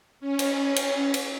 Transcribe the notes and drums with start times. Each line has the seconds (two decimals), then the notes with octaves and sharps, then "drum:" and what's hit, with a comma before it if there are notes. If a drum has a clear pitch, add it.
0.20 C#4
0.39 drum: cymbal
0.76 drum: cymbal
1.14 drum: cymbal